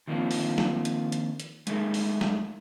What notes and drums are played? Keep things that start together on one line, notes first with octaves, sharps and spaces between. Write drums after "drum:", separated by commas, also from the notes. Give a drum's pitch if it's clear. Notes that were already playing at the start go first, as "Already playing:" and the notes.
D#3 F3 A#3 C4 D4 F4
drum: open hi-hat
drum: snare
drum: hi-hat
drum: hi-hat
drum: hi-hat
G#3 A3 D#4 E4 G#4 A#4, drum: hi-hat
drum: open hi-hat
drum: snare